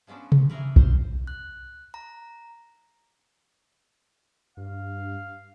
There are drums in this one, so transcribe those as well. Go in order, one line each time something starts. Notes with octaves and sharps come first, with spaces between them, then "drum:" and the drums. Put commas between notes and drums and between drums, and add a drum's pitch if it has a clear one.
F3 G#3 B3 C#4 D4
drum: tom C3
E3 A3 G#4 A#4 B4
C5, drum: kick B1
F#6
A#5
G2 F5